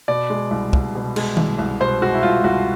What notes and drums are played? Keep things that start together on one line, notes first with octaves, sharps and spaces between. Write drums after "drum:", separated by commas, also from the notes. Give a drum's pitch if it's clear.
B2 D5
G#3
C2
C2, drum: kick
B2
G#3, drum: cymbal
C2, drum: tom D#3
C2
B2 C5
G#3 F#4
E4
C2 F4
C2 F#4